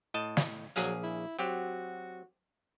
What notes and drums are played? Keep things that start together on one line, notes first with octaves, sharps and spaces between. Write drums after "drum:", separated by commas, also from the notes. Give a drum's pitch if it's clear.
A2 D#5 A5
drum: snare
A#1 F#3 G#4 F5, drum: hi-hat
E4
F#3 C4 F#4 G4